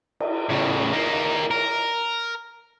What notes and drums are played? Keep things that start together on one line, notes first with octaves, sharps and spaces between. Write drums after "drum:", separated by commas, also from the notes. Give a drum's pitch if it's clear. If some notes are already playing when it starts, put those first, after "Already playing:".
drum: cymbal
A2 C#3
A#3 D#4
A#4